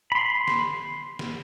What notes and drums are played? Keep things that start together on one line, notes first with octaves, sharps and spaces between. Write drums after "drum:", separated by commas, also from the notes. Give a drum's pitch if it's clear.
B5 C6
drum: snare
drum: snare